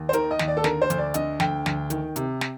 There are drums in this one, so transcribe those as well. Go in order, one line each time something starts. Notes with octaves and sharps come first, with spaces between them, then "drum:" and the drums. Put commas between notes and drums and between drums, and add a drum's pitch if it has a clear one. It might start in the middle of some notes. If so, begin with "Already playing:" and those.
Already playing: D#2
C5
D#3 A#4, drum: hi-hat
D#5
D#2, drum: snare
D5
A4
D3 A#4, drum: snare
C5
D2, drum: hi-hat
D5
D3 D#5, drum: hi-hat
D2 G5, drum: snare
D2, drum: snare
D#3, drum: hi-hat
C3, drum: hi-hat
drum: snare